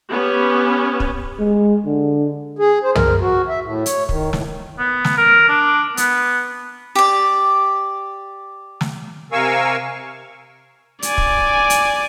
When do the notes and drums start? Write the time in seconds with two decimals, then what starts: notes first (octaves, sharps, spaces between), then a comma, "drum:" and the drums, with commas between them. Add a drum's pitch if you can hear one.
0.11 B3 C#4 G4
1.00 drum: kick
1.39 G#3
1.86 D3
2.59 G#4
2.83 C5
2.95 A#4, drum: tom
3.21 F#4
3.49 E5
3.63 A2
3.86 C#5, drum: hi-hat
4.09 D#3, drum: kick
4.33 A2, drum: snare
4.79 B3
5.04 drum: snare
5.18 A#4
5.49 D4
5.97 B3, drum: hi-hat
6.95 G4 D5
8.81 drum: snare
9.32 C3 A#4 F5 G#5 C#6 E6
11.02 D5 G#5, drum: hi-hat
11.18 drum: kick
11.70 drum: hi-hat